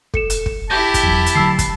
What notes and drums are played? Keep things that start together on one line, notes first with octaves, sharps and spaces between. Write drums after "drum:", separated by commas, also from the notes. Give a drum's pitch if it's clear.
A4 C#7 E7, drum: kick
drum: hi-hat
drum: kick
E4 G4 A5 G6 A#6
drum: kick, hi-hat
E2 F#3
drum: hi-hat
D3 E3 F#3 B5 E6 C7
drum: kick, hi-hat